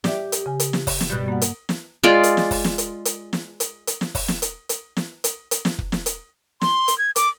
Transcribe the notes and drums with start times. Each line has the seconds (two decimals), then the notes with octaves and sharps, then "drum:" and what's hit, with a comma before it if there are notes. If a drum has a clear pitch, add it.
0.04 G4 D5 E5, drum: snare
0.32 drum: hi-hat
0.46 C#3 G#5
0.60 drum: hi-hat
0.73 drum: snare
0.87 drum: kick, open hi-hat
1.01 drum: snare
1.10 G2 B2 G3 F#6 G6
1.28 A#3 F#5
1.41 drum: hi-hat
1.69 drum: snare
2.03 G#3 F4 D5
2.23 drum: hi-hat
2.37 drum: snare
2.51 drum: kick, open hi-hat
2.64 drum: snare
2.78 drum: hi-hat
3.05 drum: hi-hat
3.33 drum: snare
3.60 drum: hi-hat
3.87 drum: hi-hat
4.01 drum: snare
4.15 drum: kick, open hi-hat
4.28 drum: snare
4.42 drum: hi-hat
4.69 drum: hi-hat
4.97 drum: snare
5.24 drum: hi-hat
5.51 drum: hi-hat
5.65 drum: snare
5.79 drum: kick
5.92 drum: snare
6.06 drum: hi-hat
6.61 C6, drum: snare
6.88 drum: hi-hat
6.98 G#6
7.16 D6, drum: hi-hat